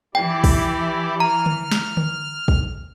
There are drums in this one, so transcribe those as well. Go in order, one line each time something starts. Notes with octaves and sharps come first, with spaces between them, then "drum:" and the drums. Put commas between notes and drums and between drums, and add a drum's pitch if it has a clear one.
E3 E4 G4 D5 G5
drum: kick, open hi-hat
A#5 F6
drum: tom D3
drum: snare
drum: tom D3
drum: kick